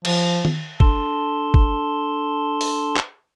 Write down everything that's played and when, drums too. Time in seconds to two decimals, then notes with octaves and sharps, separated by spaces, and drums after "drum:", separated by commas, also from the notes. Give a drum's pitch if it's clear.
0.05 F3, drum: cymbal
0.45 drum: tom D#3
0.80 D4 A4 A5 C6, drum: kick
1.54 drum: kick
2.61 drum: open hi-hat
2.96 drum: clap